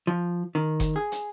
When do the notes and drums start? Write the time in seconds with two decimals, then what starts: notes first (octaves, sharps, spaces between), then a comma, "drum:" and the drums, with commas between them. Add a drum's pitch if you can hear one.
0.07 F3
0.55 D#3
0.80 drum: kick F#1, hi-hat
0.96 G#4
1.12 drum: hi-hat